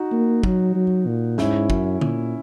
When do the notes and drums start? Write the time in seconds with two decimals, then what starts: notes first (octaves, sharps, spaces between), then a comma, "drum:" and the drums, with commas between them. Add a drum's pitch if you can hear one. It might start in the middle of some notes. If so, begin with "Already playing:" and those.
Already playing: D#4 F#4
0.12 A#3
0.43 F#3, drum: kick
0.75 F#3
1.07 A#2
1.38 G#2 C#4 E4, drum: snare
1.70 F#2, drum: kick
2.01 A#2, drum: tom